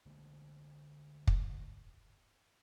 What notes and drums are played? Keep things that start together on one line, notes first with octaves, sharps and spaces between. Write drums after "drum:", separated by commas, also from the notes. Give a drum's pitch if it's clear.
D2 D3 G#3 A#3
drum: kick